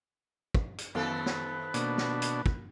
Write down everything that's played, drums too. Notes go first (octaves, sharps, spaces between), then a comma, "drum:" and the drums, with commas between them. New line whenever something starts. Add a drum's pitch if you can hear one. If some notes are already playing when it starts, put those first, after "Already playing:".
drum: kick
drum: hi-hat
F#2 D#3 B3 C4 A4 B4 F5
drum: snare
B2 A#3 D4, drum: hi-hat
drum: snare
drum: hi-hat
drum: kick